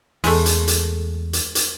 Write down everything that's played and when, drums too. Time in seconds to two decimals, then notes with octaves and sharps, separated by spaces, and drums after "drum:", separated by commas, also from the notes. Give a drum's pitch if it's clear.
0.24 E2 G#3 A3, drum: open hi-hat
0.46 drum: hi-hat
0.68 drum: hi-hat
1.33 drum: hi-hat
1.55 drum: hi-hat